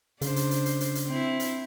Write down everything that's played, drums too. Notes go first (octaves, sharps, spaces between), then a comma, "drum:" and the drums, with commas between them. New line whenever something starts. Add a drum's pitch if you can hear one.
C#3 D4 C5, drum: hi-hat
drum: hi-hat
drum: hi-hat
drum: hi-hat
drum: hi-hat
drum: hi-hat
C4 E4
drum: hi-hat